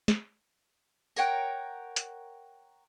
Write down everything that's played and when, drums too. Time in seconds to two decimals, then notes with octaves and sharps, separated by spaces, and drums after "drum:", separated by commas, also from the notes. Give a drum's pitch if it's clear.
0.08 drum: snare
1.16 A#4 C#5 F#5 G5, drum: tambourine
1.96 drum: hi-hat